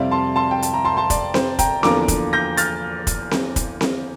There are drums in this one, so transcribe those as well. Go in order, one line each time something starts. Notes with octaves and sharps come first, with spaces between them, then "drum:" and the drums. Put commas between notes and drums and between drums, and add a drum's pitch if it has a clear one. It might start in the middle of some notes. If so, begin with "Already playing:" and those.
Already playing: F2 C3 G3 C4 E4 D5 F5
A5 C6
A5 C6
G5
A5, drum: hi-hat
A#5
A5 C6
A5 C6
D5, drum: kick, hi-hat
C5, drum: snare C4
G5 A#5, drum: kick, hi-hat
E2 D3 F3 A#3 D4 A#5 D6, drum: snare C4
drum: kick, hi-hat
G6 A#6
F6 A6, drum: hi-hat
drum: kick, hi-hat
drum: snare C4
drum: kick, hi-hat
drum: snare C4